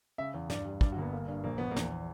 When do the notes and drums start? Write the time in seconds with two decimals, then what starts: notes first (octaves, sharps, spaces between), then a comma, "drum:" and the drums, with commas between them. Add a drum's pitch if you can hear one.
0.18 C#3 E5
0.34 E2
0.50 G2 D5, drum: snare
0.65 G3
0.81 G2 D5, drum: kick
0.92 F#4
0.96 G1 A#3
1.02 B3
1.13 A#3
1.28 G2
1.44 A#1 A#3
1.58 A#1 B3
1.71 A#3
1.76 E2, drum: snare